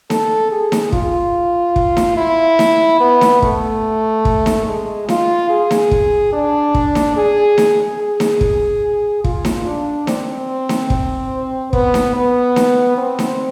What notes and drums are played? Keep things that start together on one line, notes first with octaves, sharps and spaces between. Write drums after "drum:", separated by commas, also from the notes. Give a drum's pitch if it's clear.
A4, drum: snare D#4
G#4
drum: snare D#4
F4, drum: kick
drum: kick
drum: snare D#4
E4
drum: snare D#4
B3
drum: snare D#4
A3, drum: kick
drum: kick
drum: snare D#4
G#3
F4, drum: snare D#4
G#4
drum: snare D#4
drum: kick
D4
drum: kick
drum: snare D#4
G#4
drum: snare D#4
G#4
drum: snare D#4
drum: kick
F4, drum: kick
drum: snare D#4
D4
C4, drum: snare D#4
drum: snare D#4
drum: kick
B3, drum: kick
drum: snare D#4
B3
drum: snare D#4
C4
drum: snare D#4